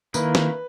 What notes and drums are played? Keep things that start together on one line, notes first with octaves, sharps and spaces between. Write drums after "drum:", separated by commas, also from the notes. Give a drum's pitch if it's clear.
D#3 A#3 E4 B4, drum: tambourine
drum: snare